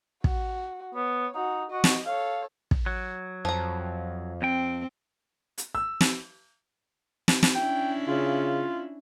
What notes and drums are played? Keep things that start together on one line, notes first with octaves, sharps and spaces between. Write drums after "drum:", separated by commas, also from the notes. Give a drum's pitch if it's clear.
F#4, drum: kick
B3 C#5
D#4 F#4
F#4 D#5
drum: snare
A4 C#5 F5
drum: kick
F#3
F2 F3 A#5
F2 C4 G5
drum: hi-hat
E6
drum: snare
drum: snare
drum: snare
C#4 D4 E4 G5
C#3 F4